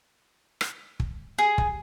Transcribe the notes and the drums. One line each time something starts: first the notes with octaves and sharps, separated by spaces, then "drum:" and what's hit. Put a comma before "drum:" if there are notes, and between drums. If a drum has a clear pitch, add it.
drum: rim click
drum: kick
G#4
drum: kick